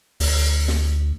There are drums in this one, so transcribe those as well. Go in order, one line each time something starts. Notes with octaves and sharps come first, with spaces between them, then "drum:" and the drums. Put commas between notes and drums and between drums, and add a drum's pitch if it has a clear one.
D2, drum: open hi-hat
drum: snare